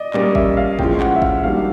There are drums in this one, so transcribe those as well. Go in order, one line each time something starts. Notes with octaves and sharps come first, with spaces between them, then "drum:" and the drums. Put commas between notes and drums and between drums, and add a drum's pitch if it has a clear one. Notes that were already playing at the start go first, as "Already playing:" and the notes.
Already playing: D5 D#5
A#2 G3 A#3 C#4 D5, drum: clap
E5, drum: kick
F5
A2 F3 G#3 C#4 F4 G5, drum: kick
F#5, drum: clap
E5
F5, drum: kick
D#3 G3 A#3 D4 F#4 F5